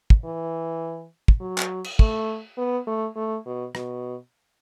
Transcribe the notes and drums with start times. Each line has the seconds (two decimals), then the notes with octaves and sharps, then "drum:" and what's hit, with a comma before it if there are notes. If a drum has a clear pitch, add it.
0.10 drum: kick
0.24 E3
1.28 drum: kick
1.41 F#3
1.58 drum: clap
1.84 drum: cymbal
1.99 A3, drum: kick
2.58 B3
2.87 A3
3.16 A3
3.46 B2
3.75 B2, drum: rim click